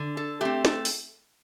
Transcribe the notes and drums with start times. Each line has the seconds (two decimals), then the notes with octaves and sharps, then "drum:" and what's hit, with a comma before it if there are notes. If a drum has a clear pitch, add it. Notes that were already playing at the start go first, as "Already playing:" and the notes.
Already playing: D3
0.17 A4
0.41 A3 C4 G4
0.65 A4, drum: snare
0.85 drum: open hi-hat